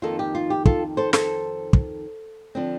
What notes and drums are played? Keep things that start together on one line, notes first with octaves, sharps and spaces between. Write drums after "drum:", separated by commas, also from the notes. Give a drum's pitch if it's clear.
F2 D#3 A#3 D#4 F4 A4
G4
F4
G4
F4 A4, drum: kick
A4 C5
A4 C5, drum: snare
drum: kick
D3 F3 C4